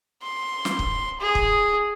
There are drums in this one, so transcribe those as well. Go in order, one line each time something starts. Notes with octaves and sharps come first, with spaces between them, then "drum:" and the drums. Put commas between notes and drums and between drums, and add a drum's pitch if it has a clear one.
C6
drum: snare
drum: kick
G#4
drum: kick